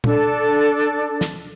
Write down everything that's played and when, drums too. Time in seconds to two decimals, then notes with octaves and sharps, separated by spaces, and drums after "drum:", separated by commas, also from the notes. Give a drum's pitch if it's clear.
0.04 D4 A4, drum: tom A#2
1.21 drum: snare